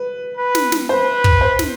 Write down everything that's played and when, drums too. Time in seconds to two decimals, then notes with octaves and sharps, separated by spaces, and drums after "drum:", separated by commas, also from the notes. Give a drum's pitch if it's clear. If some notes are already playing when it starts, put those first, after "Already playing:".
Already playing: B4
0.37 B4
0.55 drum: snare
0.72 drum: snare
0.89 B4 C5
1.24 drum: kick
1.41 C5
1.59 drum: snare